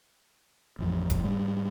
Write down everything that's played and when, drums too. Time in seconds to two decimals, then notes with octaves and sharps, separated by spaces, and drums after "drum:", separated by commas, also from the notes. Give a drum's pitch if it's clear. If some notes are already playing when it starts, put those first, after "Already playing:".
0.79 A1 F2
1.10 drum: kick F1, hi-hat
1.24 G#2 G3